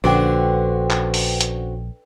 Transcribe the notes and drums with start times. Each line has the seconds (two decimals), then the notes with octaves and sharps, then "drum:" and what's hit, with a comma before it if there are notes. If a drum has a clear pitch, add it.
0.04 A#1 D3 C#4 F#4 B4 C5 G5
0.91 drum: clap
1.14 drum: open hi-hat
1.41 drum: hi-hat